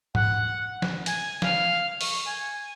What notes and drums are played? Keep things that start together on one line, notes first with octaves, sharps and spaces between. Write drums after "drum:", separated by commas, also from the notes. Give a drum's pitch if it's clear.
F#5, drum: tom G#2
drum: snare
G#5, drum: hi-hat
F5, drum: snare
C#6, drum: open hi-hat
G#5